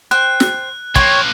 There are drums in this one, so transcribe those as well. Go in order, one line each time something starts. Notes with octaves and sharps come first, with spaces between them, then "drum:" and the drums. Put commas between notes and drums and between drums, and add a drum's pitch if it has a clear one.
C5 G5 F#6
drum: snare
F3 A#3 C#5 G5 C6 C#6, drum: kick